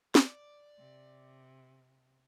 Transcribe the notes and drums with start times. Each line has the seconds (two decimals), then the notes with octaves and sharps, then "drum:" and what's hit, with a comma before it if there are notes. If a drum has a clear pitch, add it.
0.15 D5, drum: snare
0.78 C3